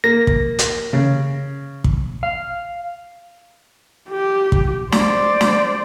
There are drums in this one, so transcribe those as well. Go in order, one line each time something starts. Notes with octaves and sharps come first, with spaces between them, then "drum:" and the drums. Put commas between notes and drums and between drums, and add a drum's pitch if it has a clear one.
A#3 A#6
drum: kick
drum: hi-hat
C#3
drum: kick
F5
G4
drum: kick
C5 D5, drum: snare
drum: snare